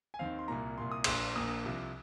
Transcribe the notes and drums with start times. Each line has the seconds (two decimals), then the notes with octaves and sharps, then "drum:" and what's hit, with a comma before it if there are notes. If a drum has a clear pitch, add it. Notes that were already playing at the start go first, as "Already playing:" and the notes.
0.14 G#5
0.19 D#2 D#3 C4 F5
0.39 C6
0.48 C2 A#2 A#3 A#5
0.78 C2 A#2 A#3 C6
0.91 D#6
1.04 A#1 A#2 A#3 C6, drum: cymbal
1.36 A#1 A#2 A#3 D#6
1.65 C2 C3 F3